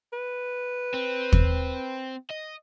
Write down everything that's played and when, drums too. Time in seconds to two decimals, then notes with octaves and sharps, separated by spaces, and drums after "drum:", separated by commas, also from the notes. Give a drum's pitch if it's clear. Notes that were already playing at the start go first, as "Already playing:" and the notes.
0.13 B4
0.94 C4
1.32 drum: kick
2.30 D#5